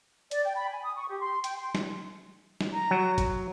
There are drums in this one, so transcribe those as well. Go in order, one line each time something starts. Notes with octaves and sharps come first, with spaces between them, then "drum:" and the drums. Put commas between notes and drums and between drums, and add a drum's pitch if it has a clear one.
D5, drum: hi-hat
G5
B5
G#5
D#6
C#6
G4
C6
G5, drum: hi-hat
C6
drum: snare
drum: snare
A#5
F#3
drum: kick G#1, hi-hat